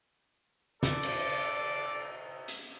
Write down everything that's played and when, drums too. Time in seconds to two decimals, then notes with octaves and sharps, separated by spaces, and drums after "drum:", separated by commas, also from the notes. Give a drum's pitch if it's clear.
0.83 A4 D5, drum: snare
1.03 drum: cymbal
2.48 drum: hi-hat